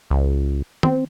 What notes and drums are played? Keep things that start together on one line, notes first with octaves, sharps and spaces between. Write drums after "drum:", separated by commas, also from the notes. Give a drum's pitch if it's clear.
C#2
C4, drum: tom